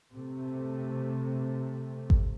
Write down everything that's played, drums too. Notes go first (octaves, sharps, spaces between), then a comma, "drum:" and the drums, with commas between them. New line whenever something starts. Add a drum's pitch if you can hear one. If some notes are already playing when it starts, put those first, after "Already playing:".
C3 A3
drum: kick G#1